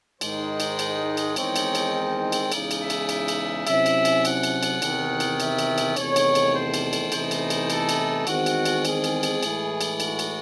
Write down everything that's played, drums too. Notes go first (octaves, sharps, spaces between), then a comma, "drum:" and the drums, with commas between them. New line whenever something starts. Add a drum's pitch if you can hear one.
G#2 D#3 G#3 D#4 C5, drum: cymbal
drum: cymbal
drum: cymbal
drum: cymbal
E2 D#3 G#3 C4 D#4 C#5, drum: cymbal
drum: cymbal
drum: cymbal
drum: cymbal
E2 C#3 G#3 D#4, drum: cymbal
drum: cymbal
E5
drum: cymbal
E5, drum: cymbal
drum: cymbal
C3 F#3 C#4 E4 E5, drum: cymbal
drum: cymbal
drum: cymbal
F#5, drum: cymbal
drum: cymbal
drum: cymbal
E2 C3 D#3, drum: cymbal
drum: cymbal
E5, drum: cymbal
drum: cymbal
drum: cymbal
E2 C3 D#3 A3 C#5, drum: cymbal
drum: cymbal
drum: cymbal
C5
drum: cymbal
drum: cymbal
E2 C3 E3 A3 D#4 C5, drum: cymbal
drum: cymbal
drum: cymbal
A4, drum: cymbal
drum: cymbal
E2 D#3 G#3 C4 F#4, drum: cymbal
drum: cymbal
drum: cymbal
G#4, drum: cymbal
drum: cymbal
drum: cymbal
A2 E3 G#3, drum: cymbal
drum: cymbal
F#4, drum: cymbal
drum: cymbal